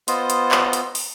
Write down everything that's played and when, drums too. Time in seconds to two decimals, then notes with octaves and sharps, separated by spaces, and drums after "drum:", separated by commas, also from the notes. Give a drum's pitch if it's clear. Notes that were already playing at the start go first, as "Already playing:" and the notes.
0.08 B3 F4 C5 D#5, drum: hi-hat
0.30 drum: hi-hat
0.51 drum: clap
0.73 drum: hi-hat
0.95 drum: open hi-hat